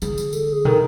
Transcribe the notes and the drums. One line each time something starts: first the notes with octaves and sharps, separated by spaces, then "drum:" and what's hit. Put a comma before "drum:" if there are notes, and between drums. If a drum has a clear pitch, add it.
D3 G#4, drum: tambourine
drum: tambourine
A4, drum: tambourine
G#4
D#3 A4, drum: tom